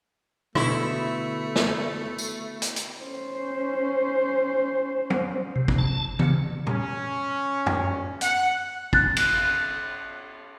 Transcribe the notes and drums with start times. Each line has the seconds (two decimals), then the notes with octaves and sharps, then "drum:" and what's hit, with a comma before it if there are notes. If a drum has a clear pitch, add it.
0.55 B2 D3 A3 E4, drum: rim click
1.56 drum: snare
2.18 drum: tambourine
2.62 drum: hi-hat
2.76 drum: hi-hat
3.03 C#4 C5
5.10 drum: tom
5.56 C3
5.68 drum: kick
5.78 A5
6.19 C#3, drum: tom E3
6.67 C#4, drum: tom A#2
7.66 drum: tom F#2
8.21 F#5, drum: hi-hat
8.93 F#6 A6, drum: kick
9.16 drum: cymbal